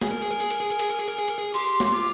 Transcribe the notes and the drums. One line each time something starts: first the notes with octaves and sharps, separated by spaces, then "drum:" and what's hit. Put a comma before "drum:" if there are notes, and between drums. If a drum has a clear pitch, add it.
G#4 G#5, drum: snare
A#4
G#4
A#4
G#4
A#4, drum: hi-hat
G#4
A#4
G#4, drum: hi-hat
A#4
G#4
A#4
G#4
A#4
G#4
G4 C6, drum: open hi-hat
drum: snare
F4 D6